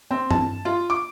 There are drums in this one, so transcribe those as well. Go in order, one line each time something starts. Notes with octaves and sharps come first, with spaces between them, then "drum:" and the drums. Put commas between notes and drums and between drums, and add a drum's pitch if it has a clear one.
C4
A5, drum: tom G2
F4
D6